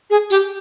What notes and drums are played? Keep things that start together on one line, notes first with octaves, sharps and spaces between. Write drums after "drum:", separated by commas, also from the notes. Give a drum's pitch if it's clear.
G#4
G4, drum: tambourine